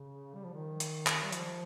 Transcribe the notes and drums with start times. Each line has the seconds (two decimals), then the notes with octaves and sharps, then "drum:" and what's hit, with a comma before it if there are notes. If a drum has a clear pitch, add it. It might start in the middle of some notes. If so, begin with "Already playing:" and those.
Already playing: C#3
0.35 G3
0.44 F3
0.54 D#3
0.80 drum: hi-hat
1.07 drum: clap
1.24 G3
1.32 F3, drum: hi-hat